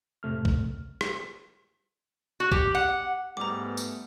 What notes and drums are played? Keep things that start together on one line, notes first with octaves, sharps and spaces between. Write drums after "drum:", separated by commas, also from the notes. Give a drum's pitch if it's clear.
F2 A2 C3 A3 F6
drum: kick
drum: rim click
F#4
G4, drum: kick
F#5
G#2 G3 A3 B3 A#5 D6
drum: tambourine